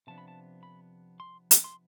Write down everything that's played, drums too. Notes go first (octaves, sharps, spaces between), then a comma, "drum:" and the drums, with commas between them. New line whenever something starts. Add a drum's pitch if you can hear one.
C3 F3 B3 D4 A5
B5
A5
B5
C6
drum: hi-hat
C6